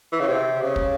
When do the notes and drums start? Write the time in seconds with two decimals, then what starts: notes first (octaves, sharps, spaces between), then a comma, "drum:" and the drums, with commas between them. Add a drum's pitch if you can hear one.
0.12 E3
0.20 C#3
0.28 C3
0.62 C#3
0.76 drum: kick